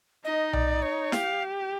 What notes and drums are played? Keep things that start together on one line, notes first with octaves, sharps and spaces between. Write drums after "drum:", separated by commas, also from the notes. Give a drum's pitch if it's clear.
D#4 D#5
D5, drum: tom B1
C#5
G4 F5, drum: snare